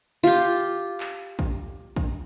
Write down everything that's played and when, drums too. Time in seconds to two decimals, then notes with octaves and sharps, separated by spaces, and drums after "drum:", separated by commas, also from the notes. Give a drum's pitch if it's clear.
0.23 F4 G4
1.00 drum: clap
1.39 drum: kick A#1
1.96 drum: kick A#1